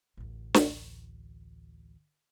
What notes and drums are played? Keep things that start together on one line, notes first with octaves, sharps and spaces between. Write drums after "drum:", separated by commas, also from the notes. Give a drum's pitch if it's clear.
A1 D2
drum: snare